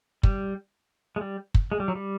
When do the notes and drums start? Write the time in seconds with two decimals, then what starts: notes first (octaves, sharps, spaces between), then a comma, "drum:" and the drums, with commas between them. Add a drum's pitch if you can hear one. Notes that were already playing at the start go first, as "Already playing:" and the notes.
0.23 G3, drum: kick
1.16 G#3
1.21 G3
1.55 drum: kick
1.72 G#3
1.80 G3
1.88 F#3
1.95 G3